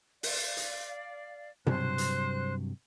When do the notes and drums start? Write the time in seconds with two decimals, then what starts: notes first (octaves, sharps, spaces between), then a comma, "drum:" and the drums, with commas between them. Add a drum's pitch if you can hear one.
0.23 D5 F5, drum: open hi-hat
0.57 drum: hi-hat
1.67 G2 C3 F#3 C5 F#6, drum: tom B2
1.98 drum: hi-hat